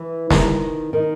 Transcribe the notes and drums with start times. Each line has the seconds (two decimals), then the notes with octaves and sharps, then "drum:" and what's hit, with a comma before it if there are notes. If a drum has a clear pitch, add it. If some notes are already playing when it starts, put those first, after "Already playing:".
Already playing: E3
0.30 D#3, drum: snare
0.93 D#3